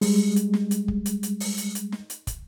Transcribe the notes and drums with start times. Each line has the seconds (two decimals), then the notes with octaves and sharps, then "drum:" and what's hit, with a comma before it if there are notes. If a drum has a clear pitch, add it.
0.01 G3 G#3, drum: open hi-hat
0.36 drum: hi-hat
0.54 drum: snare
0.71 drum: hi-hat
0.88 drum: kick
1.06 drum: hi-hat
1.23 drum: hi-hat
1.40 drum: open hi-hat
1.58 drum: hi-hat
1.75 drum: hi-hat
1.92 drum: snare
2.10 drum: hi-hat
2.27 drum: kick, hi-hat